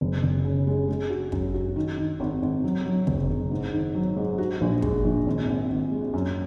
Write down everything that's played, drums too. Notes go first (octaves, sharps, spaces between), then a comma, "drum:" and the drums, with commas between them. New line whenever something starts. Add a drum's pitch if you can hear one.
F#1
F#1
C#3
G#3
G#3
F#4
F#2, drum: kick
F#4
D#3
D#3
G#1
G#1
F#3
F#3
F#1, drum: kick
F#1
G#2
D#3
F#3
G#2
F#4
A#1
G#3, drum: kick
A#1
G#1
G#1
G#1
G#3
F#2